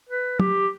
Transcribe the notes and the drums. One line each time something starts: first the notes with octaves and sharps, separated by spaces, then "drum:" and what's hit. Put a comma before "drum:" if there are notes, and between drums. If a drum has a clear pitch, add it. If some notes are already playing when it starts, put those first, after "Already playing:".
B4
G4, drum: tom